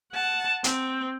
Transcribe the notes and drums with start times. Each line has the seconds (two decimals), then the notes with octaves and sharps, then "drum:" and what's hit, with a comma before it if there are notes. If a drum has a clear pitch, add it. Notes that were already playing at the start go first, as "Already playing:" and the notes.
0.13 F#5 A5
0.64 C4, drum: hi-hat